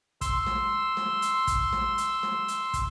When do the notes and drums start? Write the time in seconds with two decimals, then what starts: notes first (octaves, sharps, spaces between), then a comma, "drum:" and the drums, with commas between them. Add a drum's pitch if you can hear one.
0.21 C6 E6, drum: kick, hi-hat
0.47 drum: snare
0.97 drum: snare
1.22 drum: hi-hat
1.47 drum: kick, hi-hat
1.73 drum: snare
1.98 drum: hi-hat
2.23 drum: snare
2.48 drum: hi-hat
2.74 drum: kick, hi-hat